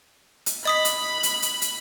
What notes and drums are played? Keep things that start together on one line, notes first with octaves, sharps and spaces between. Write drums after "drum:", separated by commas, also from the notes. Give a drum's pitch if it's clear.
drum: hi-hat
D#5 B5 D#6 B6
drum: hi-hat
drum: hi-hat
drum: hi-hat
drum: hi-hat